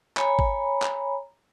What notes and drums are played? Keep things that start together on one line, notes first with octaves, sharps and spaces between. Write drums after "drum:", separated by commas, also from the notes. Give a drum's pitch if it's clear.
C#5 G#5 A#5 B5, drum: clap
drum: kick G#1
drum: clap